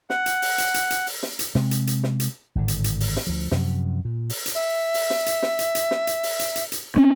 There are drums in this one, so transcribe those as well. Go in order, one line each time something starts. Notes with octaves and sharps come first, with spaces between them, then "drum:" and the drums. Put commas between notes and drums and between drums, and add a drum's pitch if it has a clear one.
F#5, drum: snare
drum: hi-hat
drum: open hi-hat
drum: hi-hat
drum: hi-hat
drum: hi-hat
drum: open hi-hat
drum: snare
drum: hi-hat
C3 G#3 C4, drum: snare
drum: hi-hat
drum: hi-hat
drum: snare
drum: hi-hat
G#1 A2 D3
drum: hi-hat
drum: hi-hat
drum: open hi-hat
drum: snare
D2 F3
F#2 C3 F3, drum: snare
A#2
drum: open hi-hat
drum: hi-hat
E5
drum: open hi-hat
drum: snare
drum: hi-hat
drum: snare
drum: hi-hat
drum: hi-hat
drum: snare
drum: hi-hat
drum: open hi-hat
drum: hi-hat
drum: hi-hat
drum: hi-hat
C4 C#4